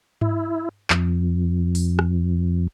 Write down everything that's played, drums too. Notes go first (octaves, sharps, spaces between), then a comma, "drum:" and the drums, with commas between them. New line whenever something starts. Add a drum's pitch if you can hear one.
E4, drum: tom G#2
F2, drum: clap
drum: open hi-hat
drum: rim click